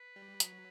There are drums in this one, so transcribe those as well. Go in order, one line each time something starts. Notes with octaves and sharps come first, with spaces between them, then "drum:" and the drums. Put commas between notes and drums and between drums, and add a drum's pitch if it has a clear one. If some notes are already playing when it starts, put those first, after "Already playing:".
Already playing: B4
G3
F#3, drum: hi-hat